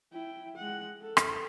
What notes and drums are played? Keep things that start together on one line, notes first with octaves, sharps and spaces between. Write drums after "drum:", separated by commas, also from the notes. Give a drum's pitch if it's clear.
E4 G5
G#3 F#5
A4
drum: rim click